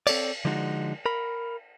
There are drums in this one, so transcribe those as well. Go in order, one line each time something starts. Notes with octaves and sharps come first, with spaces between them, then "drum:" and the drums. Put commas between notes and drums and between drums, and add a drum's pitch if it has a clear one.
C4 A4 C#5 D5, drum: cymbal
D3 F3 G#3 D#4 F4 F#4
A#4 B5